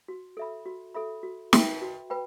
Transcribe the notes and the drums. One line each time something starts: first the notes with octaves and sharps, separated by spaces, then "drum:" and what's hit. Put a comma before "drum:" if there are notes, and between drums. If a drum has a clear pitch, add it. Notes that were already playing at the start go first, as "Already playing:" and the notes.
F#4
A4 E5 B5
F#4
A4 E5 B5
F#4
B4 E5 G5 B5, drum: snare
F#4
B4 G5 B5